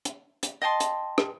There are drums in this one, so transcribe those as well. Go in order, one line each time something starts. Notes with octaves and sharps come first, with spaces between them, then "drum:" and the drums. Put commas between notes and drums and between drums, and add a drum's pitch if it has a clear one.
drum: hi-hat
drum: hi-hat
D#5 G5 A5 C6
drum: hi-hat
drum: rim click